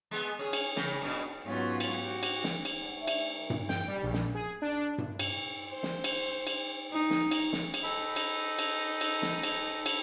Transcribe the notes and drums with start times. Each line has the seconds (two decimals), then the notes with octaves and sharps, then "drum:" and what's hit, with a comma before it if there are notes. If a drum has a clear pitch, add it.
0.11 G#3 B3
0.39 C#4 G#4
0.53 drum: cymbal
0.76 C#3, drum: snare
1.01 F#2 B2
1.44 G#2 F#3 B3 C#4 F4 F#4
1.80 drum: cymbal
2.00 F#4 G4
2.23 drum: cymbal
2.44 drum: snare
2.65 drum: cymbal
2.81 D3
2.97 A3
3.07 drum: cymbal
3.34 D#3
3.50 drum: tom G2
3.69 G5, drum: snare
3.88 G3
4.03 A#1
4.13 drum: snare
4.35 G#4
4.62 D4
4.98 drum: tom G2
5.19 drum: cymbal
5.69 C5
5.83 drum: snare
6.04 drum: cymbal
6.47 drum: cymbal
6.92 D#4
7.10 drum: snare
7.31 drum: cymbal
7.53 drum: snare
7.74 drum: cymbal
7.83 D#4 A4 B5
8.16 drum: cymbal
8.59 drum: cymbal
9.01 drum: cymbal
9.22 drum: snare
9.43 drum: cymbal
9.86 drum: cymbal